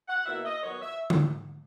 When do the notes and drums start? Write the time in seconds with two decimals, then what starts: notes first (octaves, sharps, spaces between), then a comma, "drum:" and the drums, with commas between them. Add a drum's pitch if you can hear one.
0.08 F#5
0.26 B2 F#3 A#3 E4 E5
0.46 D#5
0.63 D#3 F#3 B3 C#5
0.82 E5
1.10 drum: tom D3